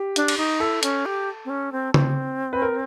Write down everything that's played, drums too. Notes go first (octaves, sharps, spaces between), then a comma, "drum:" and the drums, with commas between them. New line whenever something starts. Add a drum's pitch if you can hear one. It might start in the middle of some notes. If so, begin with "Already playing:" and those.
Already playing: G4
D4, drum: hi-hat
drum: cymbal
D#4
E4 A4
C#4, drum: hi-hat
G4
C4
C#4
C4
C4, drum: tom C#3
B4
A#4